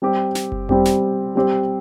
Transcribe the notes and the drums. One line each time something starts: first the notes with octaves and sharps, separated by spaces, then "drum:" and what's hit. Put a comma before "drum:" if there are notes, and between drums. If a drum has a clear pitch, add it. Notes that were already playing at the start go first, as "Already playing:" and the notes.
G3 C4 G4
drum: snare
drum: kick F#1
G3 C4 G4, drum: tom F2
drum: snare
G3 C4 G4 C5